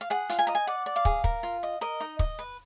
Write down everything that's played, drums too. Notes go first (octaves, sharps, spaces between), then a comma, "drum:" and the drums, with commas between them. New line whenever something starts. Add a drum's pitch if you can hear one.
F5
G#4 F#5
F4, drum: hi-hat
G#5
D#5 A#5
G#5
D5 F#5
D5
F5
G#4, drum: kick
A#4, drum: kick
F4
D#5
A#4 D#5
D#4
D#5, drum: kick
B4